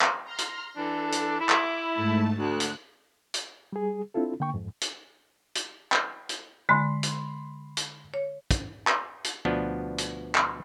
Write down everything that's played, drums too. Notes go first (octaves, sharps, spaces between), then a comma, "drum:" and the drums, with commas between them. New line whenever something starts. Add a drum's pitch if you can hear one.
drum: clap
A#5 C6 F6
drum: hi-hat
E3 D4 A4
drum: hi-hat
E4 D6
drum: clap
G#2 A3 A5
D2 F#6
drum: hi-hat
drum: hi-hat
G3 G#4
C4 D4 E4 F4 A4
D3 A#3 G5 C#6
F2 G#2
drum: hi-hat
drum: hi-hat
drum: clap
drum: hi-hat
D3 G#3 B5 C6
drum: hi-hat
drum: hi-hat
C#5
drum: kick, hi-hat
drum: clap
drum: hi-hat
D2 B2 F3 B3 D4
drum: hi-hat
drum: clap